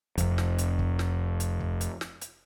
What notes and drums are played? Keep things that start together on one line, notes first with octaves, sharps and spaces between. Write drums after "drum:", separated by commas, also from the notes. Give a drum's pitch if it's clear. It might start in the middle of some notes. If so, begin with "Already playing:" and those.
F1 F2, drum: kick, hi-hat
drum: snare
drum: hi-hat
drum: kick
drum: snare
drum: hi-hat
drum: kick
drum: hi-hat
drum: snare
drum: hi-hat